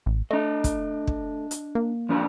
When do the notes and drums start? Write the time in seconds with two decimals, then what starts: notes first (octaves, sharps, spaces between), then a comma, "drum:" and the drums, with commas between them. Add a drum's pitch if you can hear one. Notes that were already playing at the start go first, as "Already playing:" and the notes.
0.06 A1
0.31 A3 D4 D#5
0.64 drum: kick, hi-hat
1.07 drum: kick
1.51 drum: hi-hat
1.75 A#3
2.09 F2 D4 B4